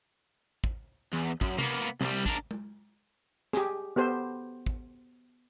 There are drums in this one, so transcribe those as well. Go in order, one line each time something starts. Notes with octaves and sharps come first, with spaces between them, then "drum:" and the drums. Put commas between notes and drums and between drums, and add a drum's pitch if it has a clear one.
drum: kick
E2
F#2, drum: kick
A#3 B3, drum: tom C3
C2 G3, drum: snare
D4 A#4, drum: kick
drum: tom G#3
G4 G#4, drum: snare
B3 G4 A4 C5
drum: kick